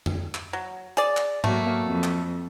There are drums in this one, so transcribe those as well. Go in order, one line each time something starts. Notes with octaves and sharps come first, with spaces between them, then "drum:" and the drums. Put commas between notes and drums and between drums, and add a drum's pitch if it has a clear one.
drum: tom F2
drum: clap
F#3
G#4 D5, drum: hi-hat
drum: clap
F#3 A3 A#3, drum: tom G#2
F2
drum: clap